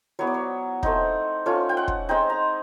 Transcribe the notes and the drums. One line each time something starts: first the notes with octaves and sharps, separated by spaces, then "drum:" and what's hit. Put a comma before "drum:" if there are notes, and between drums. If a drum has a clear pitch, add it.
F#3 B3 E4 C#5
D5
C#5
A3 C4 D#4, drum: kick
A3 C#4 F4 C#5
G5
F#5
drum: kick
G#3 C4 D#4 G5
A#5